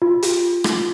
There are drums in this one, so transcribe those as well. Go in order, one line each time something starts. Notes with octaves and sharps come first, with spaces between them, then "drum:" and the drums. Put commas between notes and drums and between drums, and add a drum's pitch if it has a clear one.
F4
drum: hi-hat
drum: rim click